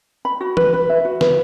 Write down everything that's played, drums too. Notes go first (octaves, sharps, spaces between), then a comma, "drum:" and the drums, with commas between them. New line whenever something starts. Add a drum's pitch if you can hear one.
B5
F#4
B4, drum: tom
B4
E5
F#4
B4, drum: snare